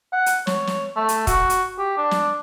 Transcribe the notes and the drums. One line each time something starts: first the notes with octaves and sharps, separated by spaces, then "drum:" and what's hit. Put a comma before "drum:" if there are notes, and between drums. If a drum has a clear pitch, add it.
F#5
drum: hi-hat
C#5, drum: snare
drum: snare
A3
drum: hi-hat
F#4, drum: kick, hi-hat
drum: hi-hat
G4
D4
drum: snare